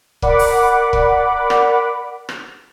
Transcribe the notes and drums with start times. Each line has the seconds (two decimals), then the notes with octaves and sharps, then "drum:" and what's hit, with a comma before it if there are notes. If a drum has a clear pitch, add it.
0.22 A#4 D5 F#5 B5 D6, drum: kick
0.39 drum: open hi-hat
0.93 drum: kick
1.50 drum: rim click
2.29 drum: rim click